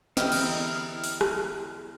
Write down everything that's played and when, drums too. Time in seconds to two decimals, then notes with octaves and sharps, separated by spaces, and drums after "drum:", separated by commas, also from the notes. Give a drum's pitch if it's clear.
0.17 E2 D3 E4 G4 A#4 D#5 F5 B5, drum: snare
0.32 drum: cymbal
1.04 drum: open hi-hat
1.21 drum: rim click